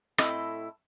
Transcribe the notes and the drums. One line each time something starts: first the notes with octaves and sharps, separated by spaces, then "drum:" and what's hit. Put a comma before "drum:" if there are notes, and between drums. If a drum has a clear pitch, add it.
A2 C4 E4 A4 D#5, drum: rim click